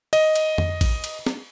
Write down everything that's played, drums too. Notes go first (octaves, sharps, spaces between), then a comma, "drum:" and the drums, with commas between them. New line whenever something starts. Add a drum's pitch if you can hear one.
D#5, drum: cymbal
drum: cymbal
drum: tom F2
drum: kick, cymbal
drum: cymbal
drum: snare